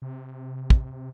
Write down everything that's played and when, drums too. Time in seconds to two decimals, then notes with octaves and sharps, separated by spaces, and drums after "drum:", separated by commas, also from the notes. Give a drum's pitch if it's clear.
0.02 C3
0.70 drum: kick